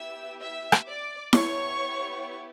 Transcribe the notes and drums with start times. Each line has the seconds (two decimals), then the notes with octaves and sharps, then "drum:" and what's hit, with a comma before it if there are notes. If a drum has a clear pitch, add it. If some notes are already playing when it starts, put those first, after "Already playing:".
Already playing: B3 E4 G4 E5 E6
0.39 E5 E6
0.72 drum: rim click
0.86 D5 D6
1.33 B3 E4 G4 C#5 C#6, drum: snare E4